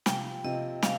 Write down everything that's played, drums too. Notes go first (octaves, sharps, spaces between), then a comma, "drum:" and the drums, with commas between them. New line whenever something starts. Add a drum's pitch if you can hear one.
C3 F3 C4 F4 G5, drum: snare
C3 F3 C4 F4 D#5
C3 C4 F5, drum: snare